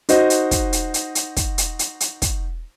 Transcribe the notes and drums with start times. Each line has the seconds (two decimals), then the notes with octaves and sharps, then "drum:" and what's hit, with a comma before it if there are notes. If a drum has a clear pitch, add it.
0.09 D#4 F#4 C5 D#5, drum: hi-hat
0.30 drum: hi-hat
0.51 drum: kick, hi-hat
0.73 drum: hi-hat
0.94 drum: hi-hat
1.15 drum: hi-hat
1.37 drum: kick, hi-hat
1.58 drum: hi-hat
1.79 drum: hi-hat
2.00 drum: hi-hat
2.22 drum: kick, hi-hat